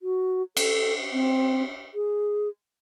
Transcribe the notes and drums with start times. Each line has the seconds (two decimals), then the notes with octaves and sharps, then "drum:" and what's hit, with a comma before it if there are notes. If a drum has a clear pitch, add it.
0.02 F#4
0.57 A4, drum: cymbal
1.12 C4
1.95 G#4